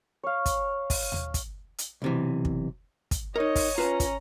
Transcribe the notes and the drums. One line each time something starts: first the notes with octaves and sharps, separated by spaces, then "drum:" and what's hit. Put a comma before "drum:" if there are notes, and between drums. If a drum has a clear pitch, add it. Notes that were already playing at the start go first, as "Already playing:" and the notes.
C#5 F5
drum: kick, hi-hat
drum: kick, open hi-hat
drum: tom D#2
drum: kick, hi-hat
drum: hi-hat
B1 C3 E3
drum: kick
drum: kick, hi-hat
D#4 A#4 C#5 D#5
drum: kick, open hi-hat
C#4 F4 B4 A5 A#5
drum: kick, hi-hat